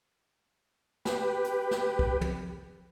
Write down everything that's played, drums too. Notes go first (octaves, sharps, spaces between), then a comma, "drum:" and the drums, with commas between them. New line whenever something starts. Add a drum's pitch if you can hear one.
G4 B4, drum: snare
drum: hi-hat
drum: snare
drum: kick
drum: tom